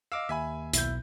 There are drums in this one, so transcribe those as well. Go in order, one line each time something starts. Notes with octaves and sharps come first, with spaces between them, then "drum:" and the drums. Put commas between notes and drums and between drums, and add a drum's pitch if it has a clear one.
D#5 F5 D6 E6
D#2 E5 G#5 B5
B1 E4 G6, drum: hi-hat